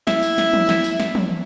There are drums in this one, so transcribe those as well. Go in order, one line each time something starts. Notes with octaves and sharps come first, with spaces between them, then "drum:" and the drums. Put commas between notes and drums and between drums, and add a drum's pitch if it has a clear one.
E4, drum: snare
drum: tambourine
drum: snare
drum: tom
drum: snare
drum: tambourine
drum: snare
drum: tom